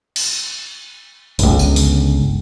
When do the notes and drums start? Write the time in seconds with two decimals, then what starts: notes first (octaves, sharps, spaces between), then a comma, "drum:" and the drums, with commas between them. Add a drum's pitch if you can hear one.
0.16 drum: cymbal
1.39 G1 C#2, drum: open hi-hat
1.59 drum: tambourine
1.76 drum: open hi-hat